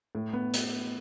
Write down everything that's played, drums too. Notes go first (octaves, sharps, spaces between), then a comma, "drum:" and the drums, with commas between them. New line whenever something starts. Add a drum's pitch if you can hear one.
A2
B3
drum: hi-hat